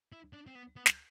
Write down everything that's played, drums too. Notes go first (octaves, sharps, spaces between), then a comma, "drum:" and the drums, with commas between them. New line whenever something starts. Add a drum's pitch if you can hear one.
E4
D4
C4
B3
B3
drum: snare